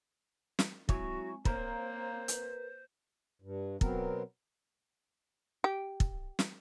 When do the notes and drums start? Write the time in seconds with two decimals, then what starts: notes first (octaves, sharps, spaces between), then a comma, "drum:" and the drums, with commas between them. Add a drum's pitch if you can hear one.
0.59 drum: snare
0.89 F#3 G#3 C4 E4 F#4 C#5 G#5, drum: kick
1.45 A#3 C4 A#4 C5 C#5 F5, drum: kick
2.28 B4, drum: hi-hat
3.42 G2
3.81 B2 F#3 B3 C4 A#4, drum: kick
5.64 G4
6.00 drum: kick
6.39 drum: snare